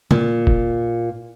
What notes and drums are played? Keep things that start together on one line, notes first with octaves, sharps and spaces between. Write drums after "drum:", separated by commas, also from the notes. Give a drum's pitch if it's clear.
A#2, drum: tom
drum: kick